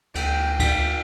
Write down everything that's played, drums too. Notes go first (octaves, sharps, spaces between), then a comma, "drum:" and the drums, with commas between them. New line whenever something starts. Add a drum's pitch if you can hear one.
D2 G5, drum: cymbal
drum: kick, cymbal